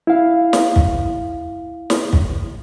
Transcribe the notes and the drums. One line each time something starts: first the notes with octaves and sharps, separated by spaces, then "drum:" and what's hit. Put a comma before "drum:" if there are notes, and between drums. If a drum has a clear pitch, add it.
E4 F5
drum: snare
drum: kick
drum: snare
drum: kick